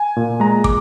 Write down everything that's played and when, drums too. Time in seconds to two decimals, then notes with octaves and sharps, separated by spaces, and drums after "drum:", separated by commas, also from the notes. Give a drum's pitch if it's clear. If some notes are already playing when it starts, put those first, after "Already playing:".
Already playing: G#5
0.16 A#2
0.40 G#3 A#5
0.64 D6, drum: kick